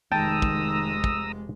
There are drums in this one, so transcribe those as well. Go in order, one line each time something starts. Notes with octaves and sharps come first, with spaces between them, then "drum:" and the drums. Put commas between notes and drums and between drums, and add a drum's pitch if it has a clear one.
F1 D#3 G#3 G5 A5 A#5 D#6 E6
drum: kick
drum: kick